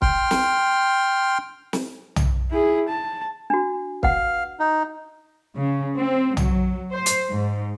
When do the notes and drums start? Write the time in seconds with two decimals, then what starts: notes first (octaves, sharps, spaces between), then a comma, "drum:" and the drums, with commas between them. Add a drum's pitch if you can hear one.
0.02 G5 C6 F6, drum: kick
0.31 drum: snare
1.73 drum: snare
2.16 drum: tom
2.50 E4 G#4
2.89 A5
3.50 D4 F#4
4.03 B4 F5 F#5, drum: kick
4.60 D#4
5.56 C#3
5.96 C4
6.37 F#3, drum: tom
6.92 C5
7.06 drum: hi-hat
7.30 G#2